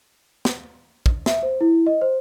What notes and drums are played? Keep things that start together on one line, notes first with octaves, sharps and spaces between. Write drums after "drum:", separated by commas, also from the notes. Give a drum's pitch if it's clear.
drum: snare
drum: kick
E5, drum: snare
C5
E4
D#5
C5